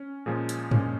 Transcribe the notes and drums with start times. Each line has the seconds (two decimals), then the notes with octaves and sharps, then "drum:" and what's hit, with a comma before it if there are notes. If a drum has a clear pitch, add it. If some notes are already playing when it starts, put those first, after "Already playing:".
Already playing: C#4
0.26 A#2 F3 G#3 C#4 G#4
0.49 drum: hi-hat
0.71 A#2 F3 G#3 C#4, drum: tom